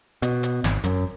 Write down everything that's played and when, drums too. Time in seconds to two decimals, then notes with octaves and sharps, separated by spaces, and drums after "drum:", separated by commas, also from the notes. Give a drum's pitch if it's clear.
0.22 B2, drum: hi-hat
0.43 drum: hi-hat
0.64 G#1, drum: snare
0.84 F#2, drum: hi-hat